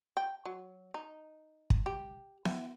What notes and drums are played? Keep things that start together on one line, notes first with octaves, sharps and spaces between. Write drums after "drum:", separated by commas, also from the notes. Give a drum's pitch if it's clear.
G5
F#3
D#4
drum: kick
G4
E3, drum: snare B3